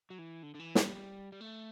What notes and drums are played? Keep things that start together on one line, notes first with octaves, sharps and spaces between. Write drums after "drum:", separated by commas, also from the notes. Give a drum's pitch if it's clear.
F#3
E3
D3
D3
E3
G3, drum: snare
G3
A3